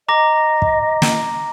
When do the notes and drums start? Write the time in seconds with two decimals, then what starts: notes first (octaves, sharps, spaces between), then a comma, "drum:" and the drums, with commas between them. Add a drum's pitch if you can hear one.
0.09 D#5 A#5 D6 A#6
0.62 drum: kick
1.02 drum: snare